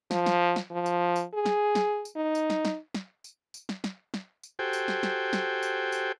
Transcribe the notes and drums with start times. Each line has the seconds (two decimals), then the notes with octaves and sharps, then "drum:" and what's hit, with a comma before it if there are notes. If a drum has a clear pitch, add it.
0.11 F3, drum: snare
0.26 drum: snare
0.56 drum: snare
0.71 F3
0.86 drum: tambourine
1.16 drum: tambourine
1.34 G#4
1.46 drum: snare
1.75 drum: snare
2.05 drum: tambourine
2.16 D#4
2.35 drum: tambourine
2.50 drum: snare
2.65 drum: snare
2.95 drum: snare
3.24 drum: tambourine
3.54 drum: tambourine
3.69 drum: snare
3.84 drum: snare
4.14 drum: snare
4.43 drum: tambourine
4.59 F#4 G4 A4 C5 G5 G#5
4.73 drum: tambourine
4.88 drum: snare
5.03 drum: snare
5.33 drum: snare
5.63 drum: tambourine
5.92 drum: tambourine